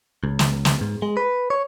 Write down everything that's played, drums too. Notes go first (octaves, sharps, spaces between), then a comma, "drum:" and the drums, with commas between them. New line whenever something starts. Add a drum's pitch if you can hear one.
C#2
drum: snare
drum: snare
G#2
G#3
B4
C#5